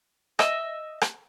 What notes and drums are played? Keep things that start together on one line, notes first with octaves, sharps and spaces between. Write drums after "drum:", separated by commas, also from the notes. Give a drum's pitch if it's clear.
D#5 E5 E6, drum: rim click
drum: rim click